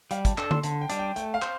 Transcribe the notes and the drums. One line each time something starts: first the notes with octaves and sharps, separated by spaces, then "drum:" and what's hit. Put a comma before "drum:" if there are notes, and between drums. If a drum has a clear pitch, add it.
G3 F5, drum: hi-hat
A5, drum: kick, hi-hat
D4 A4, drum: clap
C6, drum: tom D3
D3 A5, drum: hi-hat
G5
G3 D4, drum: hi-hat
G5
A3 G5, drum: hi-hat
F5
C5, drum: clap